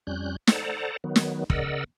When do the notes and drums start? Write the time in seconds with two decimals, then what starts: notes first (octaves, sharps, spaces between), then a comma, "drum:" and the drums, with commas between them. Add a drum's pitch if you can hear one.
0.07 F2 G3 C#4 F#6 G6
0.47 A4 C5 D5 F#5 A5 A#5, drum: snare
1.04 D#3 F#3 B3
1.16 drum: snare
1.50 C#3 A#4 D5 D#5 F#5 E6, drum: kick